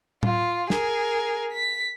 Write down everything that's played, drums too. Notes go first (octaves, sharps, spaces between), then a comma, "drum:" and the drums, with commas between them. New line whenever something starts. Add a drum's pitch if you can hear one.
F4, drum: tom A2
G#4 A#4, drum: snare
B6